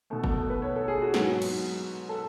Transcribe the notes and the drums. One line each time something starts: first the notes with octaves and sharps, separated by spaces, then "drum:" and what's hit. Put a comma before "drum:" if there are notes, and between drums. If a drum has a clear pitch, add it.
B2 A3 A4
A4, drum: kick
B4
C#5
A4
G#4
F#4
G#2 F#3 B3, drum: snare
drum: cymbal
A4